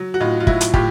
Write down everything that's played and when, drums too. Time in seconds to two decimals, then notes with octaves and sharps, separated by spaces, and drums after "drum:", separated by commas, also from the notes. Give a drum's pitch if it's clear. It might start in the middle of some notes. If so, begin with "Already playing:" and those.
Already playing: F#3
0.14 F#4
0.20 A2 D#4 F4
0.40 F4
0.47 F#3 E4 F#4, drum: kick
0.61 drum: hi-hat
0.74 A2 F4 G4, drum: kick